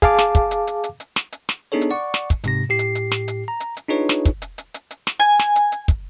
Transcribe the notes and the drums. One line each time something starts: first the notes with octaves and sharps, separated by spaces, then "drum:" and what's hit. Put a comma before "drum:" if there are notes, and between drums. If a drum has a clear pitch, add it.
G#4 F5 A5 D6, drum: kick, hi-hat
drum: snare
drum: kick, hi-hat
drum: hi-hat
drum: hi-hat
drum: hi-hat
drum: hi-hat
drum: snare
drum: hi-hat
drum: snare
B3 D4 D#4 G#4 A4 C#5
drum: hi-hat
D5 F#5 C#6
drum: snare
drum: kick, hi-hat
G#2 C3 A#6, drum: hi-hat
A2 G4 C7
drum: hi-hat
drum: hi-hat
drum: snare
drum: hi-hat
A#5
drum: hi-hat
drum: hi-hat
D4 D#4 F4 G#4 B4 C#5
drum: snare
drum: kick, hi-hat
drum: hi-hat
drum: hi-hat
drum: hi-hat
drum: hi-hat
drum: snare
G#5
drum: snare
drum: hi-hat
drum: hi-hat
drum: kick, hi-hat